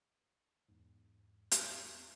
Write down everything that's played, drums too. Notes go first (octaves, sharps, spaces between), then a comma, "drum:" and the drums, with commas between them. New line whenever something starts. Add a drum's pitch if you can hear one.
E2 G#2
drum: hi-hat